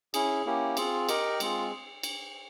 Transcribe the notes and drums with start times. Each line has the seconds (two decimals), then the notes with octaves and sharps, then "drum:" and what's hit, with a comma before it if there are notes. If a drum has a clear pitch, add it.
0.14 C#4 E4 G#4, drum: cymbal
0.46 A#3 C#4 E4 G4
0.77 C4 F4 G#4, drum: cymbal
1.09 G4 A#4 D#5 G5, drum: cymbal
1.40 G#3 C4 F4 G#4, drum: cymbal
2.03 drum: cymbal